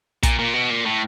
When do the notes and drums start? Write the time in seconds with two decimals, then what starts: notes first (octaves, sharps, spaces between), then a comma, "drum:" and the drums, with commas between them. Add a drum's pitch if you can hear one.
0.23 A#2, drum: kick, hi-hat
0.39 A#2
0.54 B2
0.70 A#2
0.86 A2